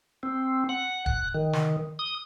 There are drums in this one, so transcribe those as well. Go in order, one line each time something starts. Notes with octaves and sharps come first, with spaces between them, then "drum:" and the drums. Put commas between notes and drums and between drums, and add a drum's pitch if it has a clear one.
C4
F#5
F#6, drum: kick
D#3
drum: snare
D#6